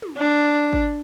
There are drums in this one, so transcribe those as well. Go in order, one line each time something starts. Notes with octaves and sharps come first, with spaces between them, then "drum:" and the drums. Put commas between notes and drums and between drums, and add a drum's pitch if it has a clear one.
drum: tom
D4
drum: kick G#1